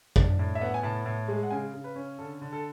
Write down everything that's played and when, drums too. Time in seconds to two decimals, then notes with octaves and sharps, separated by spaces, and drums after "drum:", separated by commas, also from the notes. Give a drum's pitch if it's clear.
0.16 D4, drum: kick
0.39 A2
0.55 E5
0.61 B3 F#5
0.74 G#5
0.83 A2 A5
1.06 A2
1.28 G#3
1.43 F#5
1.51 C#3 G#5
1.74 C#3
1.84 B4
1.96 C#4
2.19 D3 A4
2.41 D3
2.53 A4